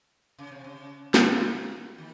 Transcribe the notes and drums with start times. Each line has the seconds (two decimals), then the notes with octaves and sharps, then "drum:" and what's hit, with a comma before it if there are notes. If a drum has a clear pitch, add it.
0.38 C#3
0.52 C3
0.64 C#3
1.14 drum: snare
1.98 D#3